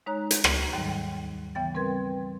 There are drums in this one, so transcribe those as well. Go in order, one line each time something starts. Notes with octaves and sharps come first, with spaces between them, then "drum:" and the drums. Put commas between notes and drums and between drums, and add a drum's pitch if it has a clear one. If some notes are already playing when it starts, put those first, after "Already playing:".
G#3 D#4 C#5 A#5 F#6
drum: hi-hat
drum: rim click
D#2 G#2 D#3 F#3 G3
C#3 E3 B3 G5 A6
G3 C4 A#4 B4 C6 G#6